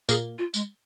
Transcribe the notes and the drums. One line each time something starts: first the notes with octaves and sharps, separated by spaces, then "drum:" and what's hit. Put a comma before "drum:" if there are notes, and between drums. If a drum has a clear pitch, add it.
A#2 A#3 G#4, drum: tambourine
F4
G#3, drum: tambourine